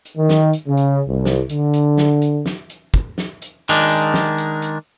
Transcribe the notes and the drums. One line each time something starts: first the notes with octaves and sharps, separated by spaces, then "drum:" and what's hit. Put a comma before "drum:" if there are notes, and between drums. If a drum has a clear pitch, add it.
drum: hi-hat
D#3
drum: snare
drum: hi-hat
C#3
drum: hi-hat
C2
drum: snare
D3, drum: hi-hat
drum: hi-hat
drum: snare
drum: hi-hat
drum: snare
drum: hi-hat
drum: kick, hi-hat
drum: snare
drum: hi-hat
D#3 G#3 D4
drum: hi-hat
drum: snare
drum: hi-hat
drum: hi-hat